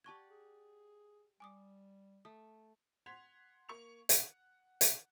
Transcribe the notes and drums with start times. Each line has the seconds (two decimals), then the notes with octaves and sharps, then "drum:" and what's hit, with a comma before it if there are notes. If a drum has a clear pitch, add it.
0.04 G4 D5 F#5 A5 C#6 G#6
0.30 G#4
1.40 G3 G#5 D6 D#6
2.25 A3 D#6
3.06 F#5 C6 G#6 B6 F7
3.69 A#3 C#6 F7
4.09 F#5, drum: hi-hat
4.81 drum: hi-hat